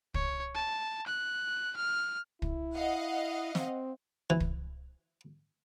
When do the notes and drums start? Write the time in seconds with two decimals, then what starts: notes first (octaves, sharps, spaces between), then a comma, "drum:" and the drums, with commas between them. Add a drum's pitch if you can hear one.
0.14 C#5, drum: kick
0.55 A5
1.07 F#6
1.77 F6
2.42 E4, drum: kick
2.74 D#5 F5 F#5
3.55 C4, drum: snare
4.30 E3
4.40 drum: kick